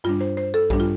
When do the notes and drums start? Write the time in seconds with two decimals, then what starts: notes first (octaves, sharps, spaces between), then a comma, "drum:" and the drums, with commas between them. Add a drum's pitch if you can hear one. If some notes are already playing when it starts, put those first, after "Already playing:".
0.04 G2 G3 D4 F4
0.21 C5
0.37 C5
0.54 A4
0.70 G2 G3 D4 G4, drum: kick A#1
0.80 F4